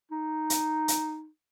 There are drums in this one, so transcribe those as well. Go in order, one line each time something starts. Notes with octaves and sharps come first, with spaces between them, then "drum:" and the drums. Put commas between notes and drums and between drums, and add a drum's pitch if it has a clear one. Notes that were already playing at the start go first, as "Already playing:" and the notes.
D#4
drum: hi-hat
drum: hi-hat